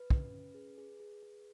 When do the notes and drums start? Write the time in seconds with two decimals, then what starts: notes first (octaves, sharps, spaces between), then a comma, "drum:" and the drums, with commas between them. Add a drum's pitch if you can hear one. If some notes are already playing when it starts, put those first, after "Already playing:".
Already playing: B4
0.10 C#4, drum: kick
0.32 C#4
0.55 G#4
0.78 G#4
1.00 G#4
1.23 G#4